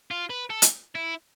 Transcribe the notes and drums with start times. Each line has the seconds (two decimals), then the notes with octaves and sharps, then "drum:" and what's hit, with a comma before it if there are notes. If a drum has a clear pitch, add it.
0.11 F4
0.30 B4
0.50 A4
0.62 drum: hi-hat
0.95 E4